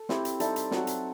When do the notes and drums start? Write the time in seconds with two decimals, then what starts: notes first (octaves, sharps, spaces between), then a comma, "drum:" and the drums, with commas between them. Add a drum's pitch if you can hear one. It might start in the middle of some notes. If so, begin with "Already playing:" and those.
Already playing: A4
0.09 C4 E4 G4, drum: snare
0.25 drum: hi-hat
0.40 G3 D#4 A4 E5, drum: hi-hat
0.56 drum: hi-hat
0.71 F#3 C4 F#4, drum: snare
0.87 drum: hi-hat